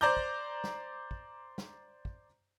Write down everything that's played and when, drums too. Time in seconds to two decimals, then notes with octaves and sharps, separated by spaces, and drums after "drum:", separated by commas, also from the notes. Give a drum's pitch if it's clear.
0.01 C5 D5 A#5 D6 G6
0.17 drum: kick
0.64 drum: snare
1.11 drum: kick
1.58 drum: snare
2.05 drum: kick